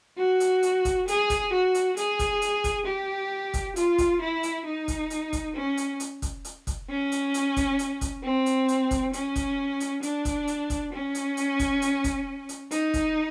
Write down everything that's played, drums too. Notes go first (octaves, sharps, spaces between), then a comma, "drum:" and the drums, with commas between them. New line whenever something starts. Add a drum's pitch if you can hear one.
F#4
drum: hi-hat
drum: hi-hat
drum: kick, hi-hat
G#4, drum: hi-hat
drum: kick, hi-hat
F#4
drum: hi-hat
G#4, drum: hi-hat
drum: kick, hi-hat
drum: hi-hat
drum: kick, hi-hat
G4
drum: kick, hi-hat
F4, drum: hi-hat
drum: kick, hi-hat
E4
drum: hi-hat
D#4
drum: kick, hi-hat
drum: hi-hat
drum: kick, hi-hat
C#4
drum: hi-hat
drum: hi-hat
drum: kick, hi-hat
drum: hi-hat
drum: kick, hi-hat
C#4
drum: hi-hat
drum: hi-hat
drum: kick, hi-hat
drum: hi-hat
drum: kick, hi-hat
C4
drum: hi-hat
drum: hi-hat
drum: kick, hi-hat
C#4, drum: hi-hat
drum: kick, hi-hat
drum: hi-hat
D4, drum: hi-hat
drum: kick, hi-hat
drum: hi-hat
drum: kick, hi-hat
C#4
drum: hi-hat
drum: hi-hat
drum: kick, hi-hat
drum: hi-hat
drum: kick, hi-hat
drum: hi-hat
D#4, drum: hi-hat
drum: kick, hi-hat